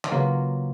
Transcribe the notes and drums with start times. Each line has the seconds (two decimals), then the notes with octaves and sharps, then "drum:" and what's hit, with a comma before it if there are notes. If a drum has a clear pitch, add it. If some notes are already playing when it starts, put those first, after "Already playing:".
0.04 D#3, drum: clap
0.11 C#3 F#3 A#3 F4 B4